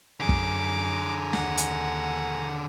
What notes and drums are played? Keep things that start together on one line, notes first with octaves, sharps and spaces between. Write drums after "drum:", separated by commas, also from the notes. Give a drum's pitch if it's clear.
F#2 D3 G#4 G#5 A#5 D6
drum: kick
D#2 F#5, drum: snare
drum: hi-hat